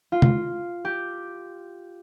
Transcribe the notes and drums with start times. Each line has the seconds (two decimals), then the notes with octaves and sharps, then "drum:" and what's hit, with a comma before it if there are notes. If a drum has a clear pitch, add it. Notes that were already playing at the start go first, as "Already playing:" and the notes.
0.12 F4
0.22 drum: tom
0.85 G4